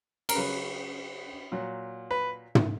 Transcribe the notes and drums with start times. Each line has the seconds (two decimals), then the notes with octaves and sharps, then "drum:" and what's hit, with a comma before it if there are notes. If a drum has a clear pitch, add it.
0.29 A#4, drum: cymbal
0.35 C#3 F#3 B4
1.52 A#2 F#3
2.11 B4
2.55 drum: tom